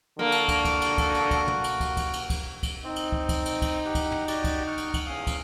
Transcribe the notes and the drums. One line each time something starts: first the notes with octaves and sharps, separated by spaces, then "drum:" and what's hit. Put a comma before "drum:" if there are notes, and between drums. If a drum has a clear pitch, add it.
D3 A#3 F#4
drum: cymbal
drum: kick, cymbal
drum: kick, cymbal
drum: cymbal
drum: kick, cymbal
drum: cymbal
drum: kick, cymbal
drum: tom
drum: cymbal
drum: kick, cymbal
drum: kick, cymbal
drum: cymbal
drum: kick, cymbal
drum: kick, cymbal
C4 D#4
drum: cymbal
drum: kick
drum: kick, cymbal
drum: cymbal
drum: kick, cymbal
G4 F#5
drum: kick, cymbal
drum: tom
F#4 G4 D5, drum: cymbal
drum: kick, cymbal
F#5 C#6 F6
drum: cymbal
drum: kick, cymbal
E2 C#4 F5 D#6
drum: kick, cymbal